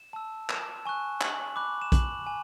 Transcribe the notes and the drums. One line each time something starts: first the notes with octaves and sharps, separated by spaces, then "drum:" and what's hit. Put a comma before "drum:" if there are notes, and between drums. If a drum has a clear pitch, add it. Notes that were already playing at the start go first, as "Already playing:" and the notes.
Already playing: E7
A5 E6
E7, drum: clap
G#5 C#6 F#6
F#7, drum: clap
B5 D6 F#6
E7
F#7, drum: kick A#1, hi-hat
G#5